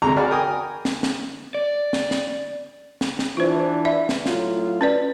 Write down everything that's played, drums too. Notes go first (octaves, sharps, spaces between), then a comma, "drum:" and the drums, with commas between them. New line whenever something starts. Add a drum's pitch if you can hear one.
D2 C3 G#3 A#5
F#4 G#4 D5 B5 F6
A#4 G5 G#5 D#6
drum: snare
drum: snare
D5
drum: snare
drum: snare
drum: snare
drum: snare
E2 E3 D4 F4 C5
D5 E5 B5
drum: snare
A2 F#3 F4, drum: snare
C#4 B4 D5